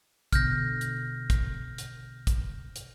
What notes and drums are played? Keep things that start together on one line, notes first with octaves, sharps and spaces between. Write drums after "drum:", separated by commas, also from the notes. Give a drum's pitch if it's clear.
B2 D3 F6 G6 A#6, drum: kick, hi-hat
drum: hi-hat
drum: kick, hi-hat
drum: hi-hat
drum: kick, hi-hat
drum: hi-hat